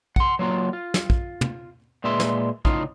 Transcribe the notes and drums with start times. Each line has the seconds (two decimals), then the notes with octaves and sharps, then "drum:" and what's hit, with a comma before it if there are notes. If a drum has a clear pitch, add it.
0.16 F#5 C6, drum: kick
0.39 F#3 A#3 F4 F#4
0.73 F4
0.94 drum: snare
1.10 drum: kick
1.41 drum: tom
2.04 A#2 G#3 B4 E5 C6
2.20 drum: snare
2.65 A2 C#3 D#4 F4, drum: kick